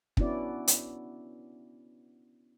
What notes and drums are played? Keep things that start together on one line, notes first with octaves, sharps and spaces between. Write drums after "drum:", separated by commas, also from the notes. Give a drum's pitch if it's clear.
B3 C#4 D4 E4 F#4 D5, drum: kick
drum: hi-hat